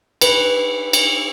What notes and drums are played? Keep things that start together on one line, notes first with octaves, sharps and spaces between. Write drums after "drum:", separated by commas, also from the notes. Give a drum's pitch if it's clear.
B4, drum: cymbal
drum: cymbal